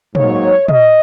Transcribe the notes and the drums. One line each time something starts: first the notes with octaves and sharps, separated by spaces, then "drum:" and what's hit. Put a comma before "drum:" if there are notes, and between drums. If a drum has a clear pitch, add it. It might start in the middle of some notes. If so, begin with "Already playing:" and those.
G#2 F#3 A#3 D#4 C#5, drum: tom
D#5, drum: tom